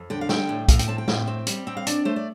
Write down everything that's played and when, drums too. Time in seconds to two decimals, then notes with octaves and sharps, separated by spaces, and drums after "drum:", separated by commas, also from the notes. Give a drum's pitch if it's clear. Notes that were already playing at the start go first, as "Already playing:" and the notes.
Already playing: F2
0.10 D3 G5
0.21 F5
0.29 G3 G5, drum: snare
0.49 A2
0.68 A2 F5, drum: kick, hi-hat
0.79 G5, drum: hi-hat
0.88 C4 A5
0.98 G5
1.08 A2, drum: snare
1.27 C4
1.47 G3, drum: hi-hat
1.67 C4 G5
1.77 F5
1.87 D4 D5, drum: hi-hat
2.05 A3 C5
2.16 D5